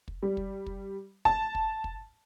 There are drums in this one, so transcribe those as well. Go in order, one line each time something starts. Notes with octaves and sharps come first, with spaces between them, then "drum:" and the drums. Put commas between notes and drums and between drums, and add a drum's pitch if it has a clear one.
drum: kick
G3
drum: kick
drum: kick
A5, drum: kick
drum: kick
drum: kick